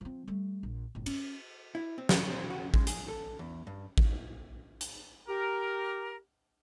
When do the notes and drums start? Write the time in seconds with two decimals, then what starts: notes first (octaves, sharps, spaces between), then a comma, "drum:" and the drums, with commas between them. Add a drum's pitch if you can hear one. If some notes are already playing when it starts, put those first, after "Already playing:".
0.01 F3 C4
0.28 G3 A3
0.63 A#1
0.95 G1 A2
1.06 C#4, drum: cymbal
1.75 E4
1.98 C4
2.09 F#3, drum: snare
2.32 C4
2.50 F#4
2.74 G#3, drum: kick A1
2.87 G#4, drum: hi-hat
3.08 A4
3.39 E2
3.67 G2
3.98 drum: kick A1
4.81 drum: hi-hat
5.28 G4 A#4